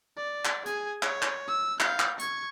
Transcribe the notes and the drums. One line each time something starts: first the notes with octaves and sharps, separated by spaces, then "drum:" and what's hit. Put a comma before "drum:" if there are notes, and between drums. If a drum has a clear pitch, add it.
D5
drum: clap
G#4 G#5, drum: hi-hat
C#5, drum: clap
drum: clap
E6
F5 G6, drum: clap
drum: clap
C#6 G#6, drum: hi-hat